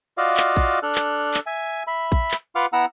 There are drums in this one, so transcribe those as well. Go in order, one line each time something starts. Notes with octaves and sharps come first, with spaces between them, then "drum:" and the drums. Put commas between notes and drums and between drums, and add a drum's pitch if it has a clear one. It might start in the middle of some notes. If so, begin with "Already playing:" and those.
F4 F#4 D5 D#5 F5
drum: clap
drum: kick A#1
D4 A4 F6 F#6
drum: clap
drum: clap
E5 G#5
E5 B5
drum: kick A#1
drum: clap
F4 B4 F5 F#5 D6 F6
B3 E4 F#5 A#5 E6